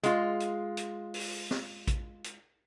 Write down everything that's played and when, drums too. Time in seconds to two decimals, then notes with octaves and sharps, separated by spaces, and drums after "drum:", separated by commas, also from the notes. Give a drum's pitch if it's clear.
0.03 G#3 F4, drum: hi-hat
0.40 drum: hi-hat
0.77 drum: hi-hat
1.14 drum: open hi-hat
1.51 drum: snare
1.87 drum: kick A1, hi-hat
2.24 drum: hi-hat